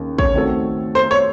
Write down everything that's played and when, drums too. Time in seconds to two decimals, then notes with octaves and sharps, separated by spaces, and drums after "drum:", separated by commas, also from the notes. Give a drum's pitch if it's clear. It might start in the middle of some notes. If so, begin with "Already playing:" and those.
Already playing: D#2 C#3
0.18 C#5, drum: kick
0.34 D#3 A3 C4 F#4 A4
0.95 C5
1.11 C#5